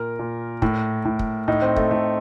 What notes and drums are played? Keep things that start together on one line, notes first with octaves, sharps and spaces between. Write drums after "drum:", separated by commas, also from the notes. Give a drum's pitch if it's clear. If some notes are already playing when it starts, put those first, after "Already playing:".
Already playing: A#2 A#4
A#2
A2, drum: kick
A2
drum: kick
A2 D#4
C4
A3, drum: kick
A2 A3